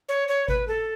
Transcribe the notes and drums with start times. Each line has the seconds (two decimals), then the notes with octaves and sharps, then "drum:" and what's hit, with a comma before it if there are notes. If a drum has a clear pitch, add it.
0.09 C#5
0.28 C#5
0.48 B4, drum: kick G#1
0.68 A4